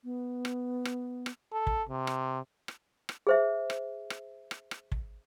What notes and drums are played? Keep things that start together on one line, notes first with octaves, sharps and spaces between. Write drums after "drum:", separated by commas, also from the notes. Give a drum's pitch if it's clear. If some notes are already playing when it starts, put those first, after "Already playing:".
B3
drum: rim click
drum: rim click
drum: rim click
A4
drum: kick
C3
drum: rim click
drum: rim click
drum: rim click
G#4 C5 E5
drum: rim click
drum: rim click
drum: rim click
drum: rim click
drum: kick